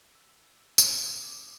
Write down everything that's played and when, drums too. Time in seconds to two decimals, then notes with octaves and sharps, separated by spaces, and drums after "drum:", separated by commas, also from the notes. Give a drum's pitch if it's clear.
0.15 E6
0.47 E6
0.78 E6, drum: tambourine
0.93 E6
1.01 D#6
1.24 D6